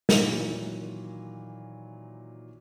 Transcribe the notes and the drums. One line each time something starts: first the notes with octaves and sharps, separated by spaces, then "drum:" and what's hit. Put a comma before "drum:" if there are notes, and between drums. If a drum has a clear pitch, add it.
A#2 D#3 E3 F#3, drum: snare